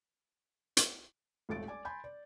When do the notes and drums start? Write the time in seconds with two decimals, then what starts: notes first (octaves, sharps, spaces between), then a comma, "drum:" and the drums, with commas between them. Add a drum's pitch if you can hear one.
0.77 drum: hi-hat
1.49 D#1 G#1 A3 A6 D7
1.68 D5 G#5 D6
1.85 G#5 B5 C6 G6
2.04 D5